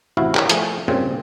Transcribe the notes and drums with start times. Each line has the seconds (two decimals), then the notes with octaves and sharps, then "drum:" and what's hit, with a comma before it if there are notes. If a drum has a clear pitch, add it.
0.17 A1 C3 E4 F#4 F5
0.35 G4 A#4 C#5, drum: clap
0.49 F3 A3 G#4, drum: hi-hat
0.88 G2 A#2 C#3 C4